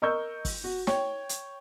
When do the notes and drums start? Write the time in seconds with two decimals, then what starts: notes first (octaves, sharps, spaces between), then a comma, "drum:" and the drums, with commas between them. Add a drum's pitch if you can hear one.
0.02 A#4 D#5 C#6 E6 G6
0.45 drum: kick, open hi-hat
0.64 F#4
0.87 C#5 G5, drum: snare
1.29 drum: hi-hat